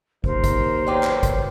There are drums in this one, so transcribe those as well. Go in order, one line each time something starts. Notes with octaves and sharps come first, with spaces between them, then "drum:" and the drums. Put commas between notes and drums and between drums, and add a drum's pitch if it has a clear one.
D#2 A#4 C5, drum: kick
drum: kick, hi-hat
F#3 B3 F4 D5 G5 D6
drum: clap
drum: kick, hi-hat